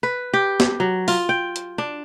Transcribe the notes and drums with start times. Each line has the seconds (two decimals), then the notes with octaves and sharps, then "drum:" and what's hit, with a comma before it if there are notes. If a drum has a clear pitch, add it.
0.03 B4
0.34 G4
0.60 drum: snare
0.80 F#3
1.08 F4, drum: open hi-hat
1.29 G5
1.56 drum: hi-hat
1.78 D4